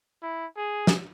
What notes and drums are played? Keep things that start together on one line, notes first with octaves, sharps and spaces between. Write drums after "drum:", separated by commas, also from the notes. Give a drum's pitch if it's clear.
E4
G#4
drum: snare